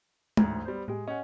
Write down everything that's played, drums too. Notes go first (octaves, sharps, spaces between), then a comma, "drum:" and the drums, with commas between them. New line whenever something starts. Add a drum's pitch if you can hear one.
A1 D2 G#2, drum: tom G#3
G3 B3 C5
A2 G#3 G4
C#4 D#5 F#5